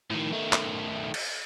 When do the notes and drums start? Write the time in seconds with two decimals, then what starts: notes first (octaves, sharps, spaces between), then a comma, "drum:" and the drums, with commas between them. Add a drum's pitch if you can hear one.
0.10 A2 D#3
0.32 D#3 A3
0.53 drum: clap
1.14 drum: cymbal